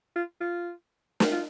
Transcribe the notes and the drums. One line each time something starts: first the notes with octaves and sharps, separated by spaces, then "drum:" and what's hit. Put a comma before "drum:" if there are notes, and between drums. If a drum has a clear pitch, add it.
F4
F4
drum: snare
F4